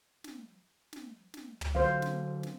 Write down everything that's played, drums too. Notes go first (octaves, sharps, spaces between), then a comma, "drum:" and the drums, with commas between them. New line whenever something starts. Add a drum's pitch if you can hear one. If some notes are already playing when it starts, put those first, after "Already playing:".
drum: snare
drum: snare
drum: snare
drum: tom
D3 F#3 C5 F5
drum: snare
drum: snare